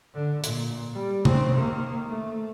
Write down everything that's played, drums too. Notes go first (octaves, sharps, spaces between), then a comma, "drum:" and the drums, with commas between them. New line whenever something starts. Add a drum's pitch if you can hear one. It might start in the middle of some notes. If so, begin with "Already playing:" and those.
D3
A#2, drum: hi-hat
G3
C#3 C4, drum: tom C3
D#3 A#3
A3